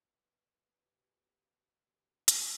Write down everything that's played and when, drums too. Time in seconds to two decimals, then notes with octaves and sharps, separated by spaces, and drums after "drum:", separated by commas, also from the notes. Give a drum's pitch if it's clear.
0.03 B3 B4
0.24 B4
0.34 D3
0.45 A4
0.65 B3
0.86 G4
0.96 B2
1.06 G#4
1.17 F#4
1.26 B3 G4
1.52 B2 F#4 G4
1.87 D3 G4
2.28 drum: hi-hat